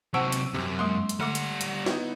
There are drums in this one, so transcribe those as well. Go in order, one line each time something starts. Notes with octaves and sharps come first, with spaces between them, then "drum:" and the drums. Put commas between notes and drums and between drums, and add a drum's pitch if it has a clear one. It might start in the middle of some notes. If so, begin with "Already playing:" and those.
C3 F#3 C5 F#5 A5 C#6 E6 D7
drum: hi-hat
C#2 F#2 C3
G#3 A#3 C6
drum: hi-hat
D3 G3 A3 F#5 D6
drum: hi-hat
drum: hi-hat
B3 D#4 E4, drum: snare